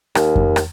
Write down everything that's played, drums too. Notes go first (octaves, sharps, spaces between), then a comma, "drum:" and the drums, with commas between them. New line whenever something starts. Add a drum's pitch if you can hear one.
D#2, drum: rim click
drum: kick F2
drum: rim click